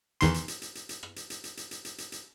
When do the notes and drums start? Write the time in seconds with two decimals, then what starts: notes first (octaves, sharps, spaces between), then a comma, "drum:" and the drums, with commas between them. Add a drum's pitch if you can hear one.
0.21 E2 D#3 C6, drum: hi-hat
0.34 drum: hi-hat
0.48 drum: hi-hat
0.62 drum: hi-hat
0.75 drum: hi-hat
0.89 drum: hi-hat
1.03 drum: rim click
1.16 drum: hi-hat
1.30 drum: hi-hat
1.44 drum: hi-hat
1.57 drum: hi-hat
1.71 drum: hi-hat
1.85 drum: hi-hat
1.98 drum: hi-hat
2.12 drum: hi-hat